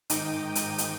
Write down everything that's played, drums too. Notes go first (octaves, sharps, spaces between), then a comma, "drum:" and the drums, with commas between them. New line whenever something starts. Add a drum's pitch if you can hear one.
G#2 D#3 D#4 G5 D6 D#7, drum: hi-hat
drum: hi-hat
drum: hi-hat